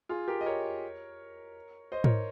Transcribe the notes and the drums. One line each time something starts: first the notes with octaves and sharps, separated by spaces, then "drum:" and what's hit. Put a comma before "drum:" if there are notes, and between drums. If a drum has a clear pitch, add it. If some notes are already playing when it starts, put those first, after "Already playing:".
F4 G#4
G4 A#4
D#5
A#4 C#5
C5 D#5
A#4 C#5, drum: tom G#2